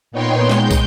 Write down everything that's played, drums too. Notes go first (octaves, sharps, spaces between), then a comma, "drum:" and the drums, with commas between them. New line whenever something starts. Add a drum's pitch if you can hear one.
A#2 B3 D#4 C#5 G5 C6
G#3 G6, drum: snare
drum: kick, tambourine